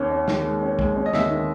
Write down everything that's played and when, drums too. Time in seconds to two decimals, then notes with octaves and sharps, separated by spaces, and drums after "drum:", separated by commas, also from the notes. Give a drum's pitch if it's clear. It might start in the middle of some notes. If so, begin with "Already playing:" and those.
Already playing: D#2 D#3 C#4
0.11 C#4
0.28 D#3, drum: snare
0.44 G#3
0.62 C#4
0.79 G#3, drum: kick
0.96 C#4
1.06 D#5
1.13 D#2 E5, drum: snare
1.30 D#3